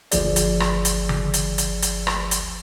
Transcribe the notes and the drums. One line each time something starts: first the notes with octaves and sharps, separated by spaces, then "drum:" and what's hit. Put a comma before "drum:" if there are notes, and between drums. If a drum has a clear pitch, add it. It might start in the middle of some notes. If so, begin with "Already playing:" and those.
G1 D2 F3 G#4 D5, drum: hi-hat
drum: hi-hat
drum: rim click
drum: hi-hat
drum: tom D3
drum: hi-hat
drum: hi-hat
drum: hi-hat
drum: rim click
drum: hi-hat